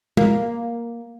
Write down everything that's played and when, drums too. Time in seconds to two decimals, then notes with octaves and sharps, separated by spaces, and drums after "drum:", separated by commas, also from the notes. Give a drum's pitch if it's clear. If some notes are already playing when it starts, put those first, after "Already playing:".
0.17 A#3, drum: tom